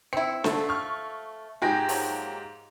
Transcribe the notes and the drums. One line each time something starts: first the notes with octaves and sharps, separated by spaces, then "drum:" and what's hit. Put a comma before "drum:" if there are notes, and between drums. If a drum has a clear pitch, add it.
C4 E4 C#7
D3 F3 A3, drum: snare
C#6 F6
G#2 B2 G4 G#4 A#6
F3 F#3 A#3, drum: open hi-hat